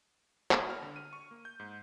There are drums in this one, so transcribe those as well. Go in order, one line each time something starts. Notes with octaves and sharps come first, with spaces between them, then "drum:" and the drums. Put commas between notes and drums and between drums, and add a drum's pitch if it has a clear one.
drum: clap
F6
D3
D#7
C#6
A#3
G6
G#2